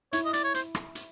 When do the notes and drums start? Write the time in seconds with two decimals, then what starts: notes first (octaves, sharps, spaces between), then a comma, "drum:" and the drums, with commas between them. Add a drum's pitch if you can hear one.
0.13 E4 C#5, drum: hi-hat
0.25 D#5
0.33 D5, drum: hi-hat
0.44 C#5
0.54 C5, drum: hi-hat
0.75 drum: rim click
0.95 drum: hi-hat